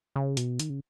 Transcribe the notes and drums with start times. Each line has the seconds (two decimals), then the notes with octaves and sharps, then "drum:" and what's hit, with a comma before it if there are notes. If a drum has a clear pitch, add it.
0.16 C#3
0.37 B2, drum: hi-hat
0.59 D#3, drum: hi-hat
0.70 C#3